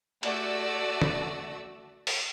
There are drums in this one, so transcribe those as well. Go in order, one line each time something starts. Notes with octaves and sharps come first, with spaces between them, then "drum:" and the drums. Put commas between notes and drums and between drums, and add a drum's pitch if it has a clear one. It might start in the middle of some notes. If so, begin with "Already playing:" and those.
A3 F#4 D5 E6, drum: cymbal
drum: tom
drum: open hi-hat